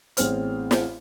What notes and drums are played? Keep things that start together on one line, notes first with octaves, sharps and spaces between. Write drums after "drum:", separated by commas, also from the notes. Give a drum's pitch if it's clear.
A1 B3 C4 G#4 C5 F6, drum: hi-hat
drum: snare